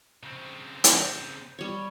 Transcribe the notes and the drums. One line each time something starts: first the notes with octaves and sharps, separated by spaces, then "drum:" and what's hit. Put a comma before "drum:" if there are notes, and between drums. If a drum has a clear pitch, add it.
C#3 C4
drum: hi-hat
G3 C#5